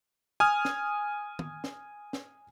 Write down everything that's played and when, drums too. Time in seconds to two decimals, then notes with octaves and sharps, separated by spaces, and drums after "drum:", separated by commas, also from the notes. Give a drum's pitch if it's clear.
0.40 G#5 D#6 F6
0.65 drum: snare
1.39 drum: tom
1.64 drum: snare
2.13 drum: snare